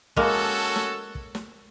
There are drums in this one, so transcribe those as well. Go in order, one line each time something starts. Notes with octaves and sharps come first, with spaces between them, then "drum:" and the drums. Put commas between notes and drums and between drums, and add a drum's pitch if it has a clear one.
G#3 A#3 C#4 F#4 A4, drum: kick
drum: snare
drum: kick
drum: snare